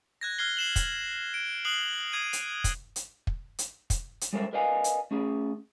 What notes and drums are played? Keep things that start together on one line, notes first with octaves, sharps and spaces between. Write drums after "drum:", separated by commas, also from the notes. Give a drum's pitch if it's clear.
F#6 G#6 A#6
F6 F#6 G#6 C7 G7
C7 E7 F#7
drum: kick, hi-hat
D7
D#6 F#6 C7 F#7 G7
D#6 G#6 D#7
drum: hi-hat
drum: kick, hi-hat
drum: hi-hat
drum: kick
drum: hi-hat
drum: kick, hi-hat
drum: hi-hat
G3 G#3 A4 A#4 C5 E5
A#4 B4 D5 D#5 F5 G#5
drum: hi-hat
A3 C#4 G#4